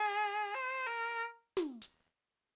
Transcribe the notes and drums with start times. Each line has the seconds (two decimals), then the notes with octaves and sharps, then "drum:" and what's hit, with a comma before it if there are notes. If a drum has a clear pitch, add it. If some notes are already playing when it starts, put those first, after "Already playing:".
Already playing: G#4
0.55 C5
0.86 A#4
1.57 drum: snare
1.82 drum: hi-hat